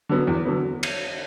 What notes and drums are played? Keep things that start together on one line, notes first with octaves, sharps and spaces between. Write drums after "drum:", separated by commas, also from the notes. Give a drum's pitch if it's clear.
D3 F#3 B3
E2
D3 F#3 B3
drum: cymbal